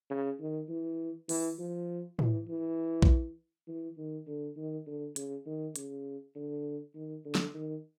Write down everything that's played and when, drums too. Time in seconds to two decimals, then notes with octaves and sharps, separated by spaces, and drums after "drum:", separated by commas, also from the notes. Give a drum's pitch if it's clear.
0.10 C#3
0.40 D#3
0.69 E3
1.29 E3, drum: open hi-hat
1.59 F3
2.19 E3, drum: tom
2.48 E3
3.02 drum: kick A#1
3.68 E3
3.98 D#3
4.27 D3
4.57 D#3
4.87 D3
5.16 C#3, drum: hi-hat
5.46 D#3
5.76 C#3, drum: hi-hat
6.36 D3
6.95 D#3
7.25 D3
7.35 drum: snare
7.54 D#3